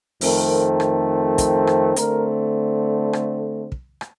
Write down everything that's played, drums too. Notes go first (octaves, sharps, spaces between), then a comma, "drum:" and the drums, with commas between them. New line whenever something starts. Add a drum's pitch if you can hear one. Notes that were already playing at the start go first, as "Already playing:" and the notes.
F2 D#3 A3 C4 A#4, drum: open hi-hat
drum: rim click
drum: kick, hi-hat
drum: rim click
D3 A3 C4 A#4, drum: hi-hat
drum: rim click
drum: kick
drum: rim click